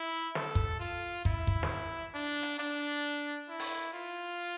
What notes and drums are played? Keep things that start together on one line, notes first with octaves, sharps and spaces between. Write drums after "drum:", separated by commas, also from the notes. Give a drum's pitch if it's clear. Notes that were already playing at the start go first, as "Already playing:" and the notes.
Already playing: E4
A4, drum: snare
drum: kick
F4
E4, drum: kick
drum: kick
drum: snare
D4
drum: hi-hat
D4, drum: hi-hat
E4
drum: open hi-hat
F4